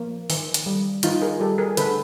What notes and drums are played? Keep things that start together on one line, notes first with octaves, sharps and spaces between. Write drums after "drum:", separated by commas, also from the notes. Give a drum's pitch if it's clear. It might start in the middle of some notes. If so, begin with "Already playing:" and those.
Already playing: F3 A#3
D#3, drum: open hi-hat
drum: hi-hat
G3
D#3 D#4 F4, drum: hi-hat
G#4 A#4
G3 G4 A4
G#4 A#4
D3 A4 B4, drum: hi-hat